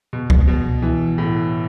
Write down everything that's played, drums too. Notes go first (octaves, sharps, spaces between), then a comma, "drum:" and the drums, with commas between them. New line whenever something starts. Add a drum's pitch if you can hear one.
B2
drum: kick C#2
B2
E3
A2